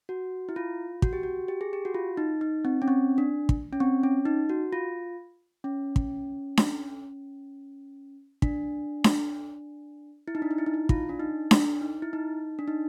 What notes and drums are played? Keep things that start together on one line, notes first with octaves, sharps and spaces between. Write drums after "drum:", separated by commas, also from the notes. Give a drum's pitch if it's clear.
F#4
E4
F4
F#4, drum: kick
G4
F#4
G4
G#4
G4
F#4
F4
D#4
D#4
C4
C#4
C4
D4
drum: kick
C#4
C4
C#4
D#4
F#4
F4
C#4
drum: kick
drum: snare D4
D4, drum: kick
drum: snare D4
E4
D#4
D4
D#4
E4
D#4
E4
F4, drum: kick
D4
D#4
D4, drum: snare D4
D#4
E4
D#4
D4
D#4